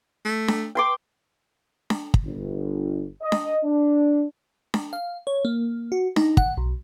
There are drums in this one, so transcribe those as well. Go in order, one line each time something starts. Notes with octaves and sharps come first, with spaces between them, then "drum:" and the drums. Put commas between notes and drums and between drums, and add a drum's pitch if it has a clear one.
A3
drum: snare D4
G5 C6 D6
drum: snare D4
drum: kick
G1
D#5
drum: snare D4
D4
drum: snare D4
F5
C#5
A#3
F#4
D#4, drum: snare D4
F#5, drum: kick
B1